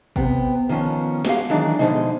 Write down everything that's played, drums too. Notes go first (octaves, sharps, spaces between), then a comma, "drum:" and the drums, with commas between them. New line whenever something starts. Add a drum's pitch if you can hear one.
C3 B3 G5, drum: kick G#1
D#3 F3 B3 C#4
G#3 E4 F#4 G4 F5, drum: snare
D#3 E3 F#3 G#3 D4 D#4
B2 D3 D#3 F3 G#3 D#4